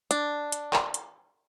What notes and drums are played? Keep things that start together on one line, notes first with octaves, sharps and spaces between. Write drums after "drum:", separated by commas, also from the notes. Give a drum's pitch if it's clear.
D4, drum: hi-hat
drum: hi-hat
drum: clap
drum: hi-hat